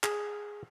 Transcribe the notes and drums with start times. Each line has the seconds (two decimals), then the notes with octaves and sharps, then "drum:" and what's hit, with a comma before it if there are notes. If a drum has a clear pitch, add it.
0.03 G#4, drum: clap